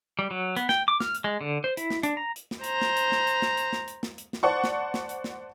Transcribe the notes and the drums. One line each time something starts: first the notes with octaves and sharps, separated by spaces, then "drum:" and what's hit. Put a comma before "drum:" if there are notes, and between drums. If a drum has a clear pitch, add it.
G3
F#3
B3, drum: hi-hat
G5, drum: snare
D6
F6, drum: snare
drum: hi-hat
G#3
D3
C5
E4, drum: hi-hat
drum: snare
D4, drum: hi-hat
A#5
drum: hi-hat
drum: snare
C5 A#5, drum: hi-hat
drum: snare
drum: hi-hat
drum: snare
drum: hi-hat
drum: snare
drum: hi-hat
drum: snare
drum: hi-hat
drum: snare
drum: hi-hat
drum: snare
C5 D5 F#5 A5 C#6
drum: snare
drum: snare
drum: hi-hat
drum: snare